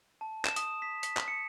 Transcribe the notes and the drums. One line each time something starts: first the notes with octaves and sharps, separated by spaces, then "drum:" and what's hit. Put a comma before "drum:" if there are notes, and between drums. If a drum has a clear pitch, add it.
A5
E7, drum: clap
D#6, drum: hi-hat
B6
B6, drum: hi-hat
drum: clap
C#7